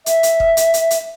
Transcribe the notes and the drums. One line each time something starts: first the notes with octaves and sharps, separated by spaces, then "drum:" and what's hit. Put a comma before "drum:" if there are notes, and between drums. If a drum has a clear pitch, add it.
E5, drum: hi-hat
drum: hi-hat
drum: kick
drum: hi-hat
drum: hi-hat
drum: hi-hat